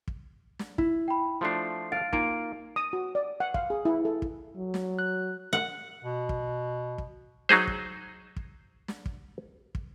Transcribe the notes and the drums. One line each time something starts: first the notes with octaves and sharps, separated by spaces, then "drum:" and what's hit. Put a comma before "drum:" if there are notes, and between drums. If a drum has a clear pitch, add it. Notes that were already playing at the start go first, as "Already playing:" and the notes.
drum: kick
drum: snare
E4, drum: kick
G5 B5
F3 A3 D4 C6 C7
F5 F6 A6 D7
A#3 D#4 F4 D7, drum: kick
D#6
F#4
D5
F#5
F5, drum: kick
G#4
E4
A4
drum: kick
F#3
drum: snare
F#6
F#5
B2
drum: kick
drum: kick
F#3 D#4 G#4 C5, drum: snare
drum: kick
drum: kick
drum: snare
drum: kick
drum: kick